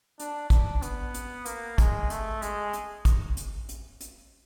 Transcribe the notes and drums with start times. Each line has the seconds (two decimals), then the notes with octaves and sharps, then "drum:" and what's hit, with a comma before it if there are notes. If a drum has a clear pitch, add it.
0.20 D4, drum: hi-hat
0.50 D4, drum: kick, hi-hat
0.82 B3, drum: hi-hat
1.14 drum: hi-hat
1.46 A#3, drum: hi-hat
1.78 G#3, drum: kick, hi-hat
2.10 A3, drum: hi-hat
2.42 G#3, drum: hi-hat
2.73 drum: hi-hat
3.05 drum: kick, hi-hat
3.37 drum: hi-hat
3.69 drum: hi-hat
4.01 drum: hi-hat